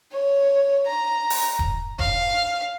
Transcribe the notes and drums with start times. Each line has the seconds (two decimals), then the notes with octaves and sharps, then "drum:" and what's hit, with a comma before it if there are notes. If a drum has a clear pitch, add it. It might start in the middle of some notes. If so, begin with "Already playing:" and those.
0.12 C#5
0.86 A#5
1.30 drum: open hi-hat
1.59 drum: kick D#1
1.99 F5, drum: kick D#1